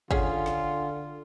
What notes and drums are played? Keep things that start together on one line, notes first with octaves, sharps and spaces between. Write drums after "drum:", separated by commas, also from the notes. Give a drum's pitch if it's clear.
D3 C#4 F4 G#4 F#5 G#5 D#6, drum: kick
drum: snare